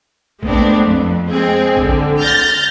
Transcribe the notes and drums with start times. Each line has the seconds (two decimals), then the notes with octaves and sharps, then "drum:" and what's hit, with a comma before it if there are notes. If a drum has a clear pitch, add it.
0.43 G#3 A3 B3 C4 D4, drum: kick
0.85 F2
1.29 G#3 C4 G#4
1.77 D3, drum: kick
2.18 F6 G6 A6 A#6